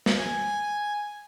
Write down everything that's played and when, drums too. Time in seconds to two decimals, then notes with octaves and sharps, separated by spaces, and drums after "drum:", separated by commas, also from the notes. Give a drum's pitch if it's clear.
0.06 drum: snare
0.19 G#5